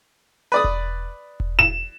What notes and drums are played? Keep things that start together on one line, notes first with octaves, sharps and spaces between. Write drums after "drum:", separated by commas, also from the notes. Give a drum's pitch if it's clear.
B4 D5 D#6
drum: kick E1
drum: kick E1
E7